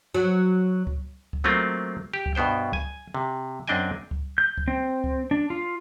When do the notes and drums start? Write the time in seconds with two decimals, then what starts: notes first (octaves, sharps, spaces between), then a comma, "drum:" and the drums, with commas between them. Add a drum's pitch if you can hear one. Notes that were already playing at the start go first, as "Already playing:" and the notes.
0.15 F#3
0.87 drum: kick C#2
1.33 drum: kick C#2
1.44 F#3 A3 A#3 C4 F4
2.14 G4
2.26 drum: kick C#2
2.35 G2 B2 B3 C5 G5
2.73 G#5, drum: kick C#2
3.15 C3
3.68 F#2 C4 D4 D#5 G5 G#5
4.11 drum: kick C#2
4.38 G6
4.58 drum: kick C#2
4.68 C4
5.04 drum: kick C#2
5.31 D4
5.50 F4